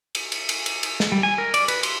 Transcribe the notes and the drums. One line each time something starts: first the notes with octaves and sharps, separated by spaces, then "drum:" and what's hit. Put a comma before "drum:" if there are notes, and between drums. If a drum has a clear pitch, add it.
drum: cymbal
drum: cymbal
drum: cymbal
drum: cymbal
drum: cymbal
drum: snare
G3
G#5
A#4
D5, drum: cymbal
B4, drum: cymbal
C6, drum: cymbal